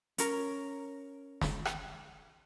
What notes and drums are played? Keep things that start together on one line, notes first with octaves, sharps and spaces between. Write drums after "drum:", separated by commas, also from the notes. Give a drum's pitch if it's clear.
C#4 A#4, drum: hi-hat
drum: snare
drum: rim click